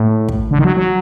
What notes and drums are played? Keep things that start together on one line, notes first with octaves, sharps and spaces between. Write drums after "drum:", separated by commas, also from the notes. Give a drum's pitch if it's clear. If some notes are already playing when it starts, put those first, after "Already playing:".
Already playing: A2
drum: kick
D3
D#3
F#3
F#3